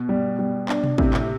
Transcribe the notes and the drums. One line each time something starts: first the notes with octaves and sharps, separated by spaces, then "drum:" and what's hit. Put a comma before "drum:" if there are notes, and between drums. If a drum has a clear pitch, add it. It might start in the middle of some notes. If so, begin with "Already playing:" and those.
Already playing: B2
G3
G3
D4, drum: clap
drum: tom B2
A2 C3, drum: kick
drum: clap